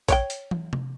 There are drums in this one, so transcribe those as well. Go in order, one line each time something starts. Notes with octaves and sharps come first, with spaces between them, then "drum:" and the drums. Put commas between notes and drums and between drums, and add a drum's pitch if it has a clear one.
C#5 D5 G5, drum: kick A#1, hi-hat
drum: hi-hat
drum: tom
drum: tom C3